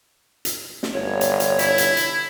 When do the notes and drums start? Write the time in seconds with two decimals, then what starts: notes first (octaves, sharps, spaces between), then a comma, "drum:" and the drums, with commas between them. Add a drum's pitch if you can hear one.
0.45 drum: hi-hat
0.83 drum: snare
0.93 G1 C#5
1.21 drum: hi-hat
1.40 drum: hi-hat
1.59 E4, drum: hi-hat
1.78 drum: hi-hat
1.97 drum: hi-hat